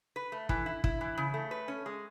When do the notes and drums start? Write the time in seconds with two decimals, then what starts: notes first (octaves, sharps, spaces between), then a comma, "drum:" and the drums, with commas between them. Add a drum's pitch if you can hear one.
0.16 B4
0.32 A3
0.49 E3, drum: kick
0.66 E4
0.84 E4, drum: kick
1.01 E3
1.18 C#3
1.34 A3
1.51 B4
1.68 C#4
1.86 G#3